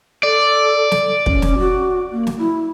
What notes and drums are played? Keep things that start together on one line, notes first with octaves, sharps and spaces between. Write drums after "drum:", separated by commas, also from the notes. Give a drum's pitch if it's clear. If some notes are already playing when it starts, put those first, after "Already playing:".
A4 D5
drum: snare
C#4, drum: kick
drum: snare
F#4
A#3
drum: snare
E4